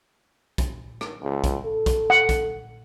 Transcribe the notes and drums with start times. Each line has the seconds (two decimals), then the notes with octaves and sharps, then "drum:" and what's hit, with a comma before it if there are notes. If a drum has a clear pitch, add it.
0.58 drum: kick, hi-hat
1.01 drum: rim click
1.23 C#2
1.44 drum: kick, hi-hat
1.65 A4
1.86 drum: kick, hi-hat
2.10 F#5
2.29 drum: kick, hi-hat